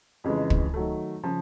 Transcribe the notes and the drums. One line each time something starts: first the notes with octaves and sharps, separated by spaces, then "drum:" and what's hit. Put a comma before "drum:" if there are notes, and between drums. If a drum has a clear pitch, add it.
F2 C#3 E3 G#3
drum: kick
D#3 F#3 A3
C#3 F3